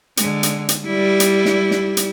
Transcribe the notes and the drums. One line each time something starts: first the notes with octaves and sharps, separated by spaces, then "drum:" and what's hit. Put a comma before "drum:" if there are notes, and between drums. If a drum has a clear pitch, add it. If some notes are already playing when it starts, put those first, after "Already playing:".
D3 G#3, drum: hi-hat
drum: hi-hat
drum: hi-hat
G3 E4 D5
drum: hi-hat
drum: snare
drum: snare
drum: hi-hat